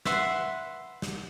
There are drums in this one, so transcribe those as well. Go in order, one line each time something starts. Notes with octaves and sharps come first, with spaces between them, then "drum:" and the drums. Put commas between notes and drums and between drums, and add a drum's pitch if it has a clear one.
B4 E5 F#5 C6, drum: snare
drum: snare